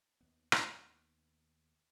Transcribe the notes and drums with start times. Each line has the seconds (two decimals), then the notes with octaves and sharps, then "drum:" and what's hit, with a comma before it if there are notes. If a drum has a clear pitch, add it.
0.21 D#2 B3
0.52 drum: rim click